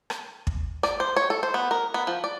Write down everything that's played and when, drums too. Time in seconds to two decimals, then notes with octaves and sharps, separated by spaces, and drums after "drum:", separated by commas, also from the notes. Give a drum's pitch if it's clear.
0.10 drum: rim click
0.47 drum: kick
0.83 D5, drum: rim click
1.00 C5
1.16 C#5
1.30 A4
1.43 C5
1.54 B3
1.71 A#4
1.94 B3
2.07 F3
2.24 D5